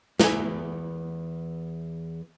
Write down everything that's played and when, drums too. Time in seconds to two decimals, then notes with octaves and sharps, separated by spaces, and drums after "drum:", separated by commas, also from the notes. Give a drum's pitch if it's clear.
0.20 E2 B3 E5 G#5, drum: snare